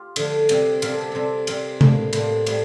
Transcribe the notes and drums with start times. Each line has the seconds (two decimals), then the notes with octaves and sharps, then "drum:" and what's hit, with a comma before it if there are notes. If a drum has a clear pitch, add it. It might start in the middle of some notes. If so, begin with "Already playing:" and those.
Already playing: F4 G4
0.16 D3 F3 A3, drum: cymbal
0.49 C3 G3 C4, drum: cymbal
0.82 C3 G3 C4 A#4, drum: cymbal
0.92 A4
1.01 G4
1.12 C3 G3 C4 A4
1.47 C3 G3 C4 A#4, drum: cymbal
1.81 A2 G3 A#3, drum: tom C3
2.13 A2 G3 A#3 C5, drum: cymbal
2.46 A2 G3, drum: cymbal